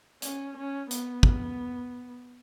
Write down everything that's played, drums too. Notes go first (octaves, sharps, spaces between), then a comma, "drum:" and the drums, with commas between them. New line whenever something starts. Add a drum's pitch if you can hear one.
C#4, drum: hi-hat
C#4
B3, drum: hi-hat
drum: kick